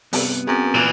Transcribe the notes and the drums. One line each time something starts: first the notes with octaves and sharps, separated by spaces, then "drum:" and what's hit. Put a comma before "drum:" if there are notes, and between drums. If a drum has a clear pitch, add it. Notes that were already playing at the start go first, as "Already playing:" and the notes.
G2 C3 B3, drum: open hi-hat
F#2 C4 G#4
A#2 E3 F5